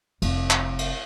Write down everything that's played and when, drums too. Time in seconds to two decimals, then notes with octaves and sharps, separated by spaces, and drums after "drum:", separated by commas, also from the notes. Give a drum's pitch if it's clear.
0.22 F1, drum: cymbal
0.50 drum: clap
0.79 drum: cymbal